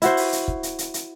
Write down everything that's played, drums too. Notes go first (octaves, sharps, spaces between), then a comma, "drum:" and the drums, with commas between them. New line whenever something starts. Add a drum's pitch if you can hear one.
E4 F#4 C5, drum: hi-hat
drum: open hi-hat
drum: hi-hat
drum: kick
drum: hi-hat
drum: hi-hat
drum: hi-hat